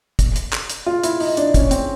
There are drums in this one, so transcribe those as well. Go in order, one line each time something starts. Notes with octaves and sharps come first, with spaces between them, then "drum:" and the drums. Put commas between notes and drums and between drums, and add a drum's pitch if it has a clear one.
drum: kick, hi-hat
drum: hi-hat
drum: clap
drum: hi-hat
F4
E4, drum: hi-hat
D#4, drum: open hi-hat
D4, drum: hi-hat
C#4, drum: kick, hi-hat
C4, drum: hi-hat